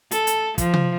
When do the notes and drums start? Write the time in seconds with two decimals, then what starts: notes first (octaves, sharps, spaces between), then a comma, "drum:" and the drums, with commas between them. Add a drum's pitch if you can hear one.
0.11 A4, drum: hi-hat
0.27 drum: hi-hat
0.58 F3, drum: kick, hi-hat
0.74 drum: tom C3